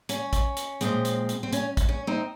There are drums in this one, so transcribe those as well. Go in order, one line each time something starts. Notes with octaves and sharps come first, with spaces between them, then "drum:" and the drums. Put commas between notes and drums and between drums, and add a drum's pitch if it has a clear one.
C#4, drum: hi-hat
drum: kick A1, hi-hat
drum: hi-hat
A#2 F3 G#3 C4, drum: hi-hat
drum: hi-hat
drum: hi-hat
C4
C#4, drum: hi-hat
drum: kick A1, hi-hat
C#4
C4 D#4